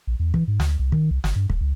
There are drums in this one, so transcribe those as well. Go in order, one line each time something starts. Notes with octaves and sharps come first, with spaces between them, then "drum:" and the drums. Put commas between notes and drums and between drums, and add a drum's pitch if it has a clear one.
A#1
E2
E3, drum: kick
G#2
D2, drum: snare
C2
D#3, drum: kick
C2
G1, drum: snare
G2
D#1, drum: kick
C#2